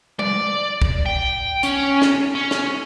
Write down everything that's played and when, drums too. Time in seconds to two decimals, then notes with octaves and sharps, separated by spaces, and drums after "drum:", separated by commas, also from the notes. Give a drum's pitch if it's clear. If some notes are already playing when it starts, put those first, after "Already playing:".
0.19 D5, drum: tom G3
0.82 drum: kick
1.06 G5
1.63 C#4, drum: hi-hat
2.02 drum: snare
2.35 C#4
2.51 drum: snare